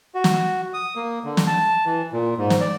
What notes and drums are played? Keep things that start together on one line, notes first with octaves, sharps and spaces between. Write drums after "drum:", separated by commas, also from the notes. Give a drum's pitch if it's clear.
F#4
drum: snare
D#6
A#3
D3
drum: snare
A5
E3
A#2
G#2
drum: snare
D5